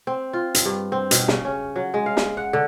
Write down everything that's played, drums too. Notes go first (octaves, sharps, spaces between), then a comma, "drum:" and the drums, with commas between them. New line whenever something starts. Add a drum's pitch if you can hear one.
C4
F4
drum: hi-hat
G2
C4
B2, drum: hi-hat
C#3, drum: snare
C#4
F#3
G#3
F5
drum: snare
F#5
D3